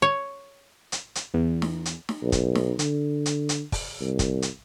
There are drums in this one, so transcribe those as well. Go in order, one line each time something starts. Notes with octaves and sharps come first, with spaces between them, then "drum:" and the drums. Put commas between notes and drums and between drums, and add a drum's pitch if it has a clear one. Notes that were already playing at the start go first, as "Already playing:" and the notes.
C#5
drum: hi-hat
drum: hi-hat
E2
drum: snare
drum: hi-hat
drum: snare
B1
drum: kick, hi-hat
drum: snare
D3, drum: hi-hat
drum: hi-hat
drum: hi-hat
drum: kick, open hi-hat
C2
drum: kick, hi-hat
drum: hi-hat